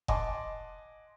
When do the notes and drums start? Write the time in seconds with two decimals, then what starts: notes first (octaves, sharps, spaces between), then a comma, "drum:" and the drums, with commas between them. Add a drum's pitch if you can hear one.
0.08 D#5 F#5 G#5 A5 C6 D6, drum: kick F1